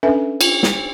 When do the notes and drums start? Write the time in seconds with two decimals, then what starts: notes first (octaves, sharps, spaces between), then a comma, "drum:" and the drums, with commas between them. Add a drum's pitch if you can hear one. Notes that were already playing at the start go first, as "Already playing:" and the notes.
0.03 C#4 D4 A4 B4 E5 G#5
0.41 F4, drum: cymbal
0.63 drum: snare